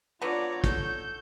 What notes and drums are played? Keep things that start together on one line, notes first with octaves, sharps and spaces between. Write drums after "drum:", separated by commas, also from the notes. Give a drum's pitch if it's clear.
D3 B3 F4 C#5 D5 A#5
A4 G6, drum: kick, hi-hat